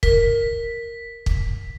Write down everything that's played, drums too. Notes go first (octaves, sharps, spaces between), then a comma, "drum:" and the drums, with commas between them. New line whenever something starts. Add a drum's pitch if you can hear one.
A#4 B6, drum: kick
drum: kick